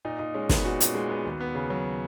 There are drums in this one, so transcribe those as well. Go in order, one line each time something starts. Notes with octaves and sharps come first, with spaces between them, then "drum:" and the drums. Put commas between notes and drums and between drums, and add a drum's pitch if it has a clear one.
A#2 D#4
A#2 D#4
G#3 C#4
B3 D#4, drum: snare
A#2 F#4
A#2, drum: hi-hat
G#3
B3
D#2
B3
C#3
F#3